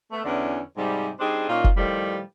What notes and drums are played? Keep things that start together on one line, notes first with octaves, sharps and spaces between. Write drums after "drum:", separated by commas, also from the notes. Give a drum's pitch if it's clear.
A3 B3
E2 D3 E3 C#4 D4
G#2 C3 G3
G3 C4 D4 D#4 G#4
A#2 A#3 C#4 D#4 F4
drum: kick F1
A2 D#3 F3 G3